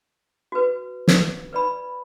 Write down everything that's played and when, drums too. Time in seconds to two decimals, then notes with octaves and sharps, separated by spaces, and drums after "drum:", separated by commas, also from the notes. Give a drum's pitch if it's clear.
0.52 F#4 B4
1.08 drum: snare
1.53 B4 D5 B5